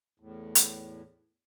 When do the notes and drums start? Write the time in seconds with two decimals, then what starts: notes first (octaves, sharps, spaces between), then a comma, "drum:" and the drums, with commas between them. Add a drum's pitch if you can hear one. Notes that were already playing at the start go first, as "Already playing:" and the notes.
0.20 E2 A2
0.55 drum: hi-hat